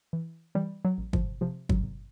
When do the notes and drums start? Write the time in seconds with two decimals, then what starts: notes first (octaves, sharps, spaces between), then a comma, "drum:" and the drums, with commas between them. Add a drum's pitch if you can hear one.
0.13 E3
0.55 E3 G3
0.85 F#3
0.98 A1
1.13 F3, drum: kick
1.41 C3 F3
1.69 F#3, drum: kick
1.84 G1